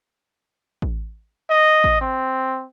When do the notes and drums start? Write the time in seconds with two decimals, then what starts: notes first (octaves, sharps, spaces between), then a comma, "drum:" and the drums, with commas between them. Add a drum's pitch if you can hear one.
0.82 drum: kick A1
1.50 D#5
1.84 drum: kick A1
2.01 C4